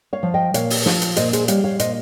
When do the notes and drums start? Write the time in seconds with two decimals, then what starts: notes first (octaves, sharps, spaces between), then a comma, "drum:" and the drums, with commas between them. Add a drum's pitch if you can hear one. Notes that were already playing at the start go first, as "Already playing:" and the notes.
0.13 C#5 F5
0.23 F3
0.34 D#5 G5
0.54 A#2 C#5 F5, drum: hi-hat
0.70 drum: open hi-hat
0.86 F3, drum: snare
1.02 drum: hi-hat
1.17 A#2 C5 D#5, drum: hi-hat
1.33 G#4 C5, drum: hi-hat
1.48 G3 C#5 F5, drum: hi-hat
1.64 C#5 F5
1.79 A#2 C5 D#5, drum: hi-hat